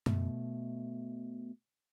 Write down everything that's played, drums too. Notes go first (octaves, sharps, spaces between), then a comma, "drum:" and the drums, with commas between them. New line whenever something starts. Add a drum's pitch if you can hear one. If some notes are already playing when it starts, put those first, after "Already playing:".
B2 A3, drum: tom F#2